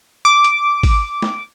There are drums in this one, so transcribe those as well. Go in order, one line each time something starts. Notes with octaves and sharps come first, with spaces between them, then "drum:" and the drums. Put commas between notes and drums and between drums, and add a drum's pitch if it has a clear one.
D6
drum: hi-hat
drum: kick G#1, open hi-hat
drum: snare